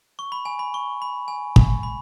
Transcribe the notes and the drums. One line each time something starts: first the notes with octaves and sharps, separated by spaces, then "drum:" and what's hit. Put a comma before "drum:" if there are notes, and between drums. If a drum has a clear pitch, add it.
C#6
B5
G#5
B5
C#6
B5
G#5
drum: kick
B5